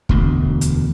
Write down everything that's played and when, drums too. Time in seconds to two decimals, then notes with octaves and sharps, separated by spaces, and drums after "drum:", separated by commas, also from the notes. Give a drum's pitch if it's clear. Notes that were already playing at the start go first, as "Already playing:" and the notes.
0.09 E1 D2, drum: kick
0.61 drum: hi-hat